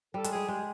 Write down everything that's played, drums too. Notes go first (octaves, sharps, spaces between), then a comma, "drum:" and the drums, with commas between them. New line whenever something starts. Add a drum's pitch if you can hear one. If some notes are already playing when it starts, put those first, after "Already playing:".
G3 A4
G#3, drum: hi-hat
G3 G#4
G#3 G4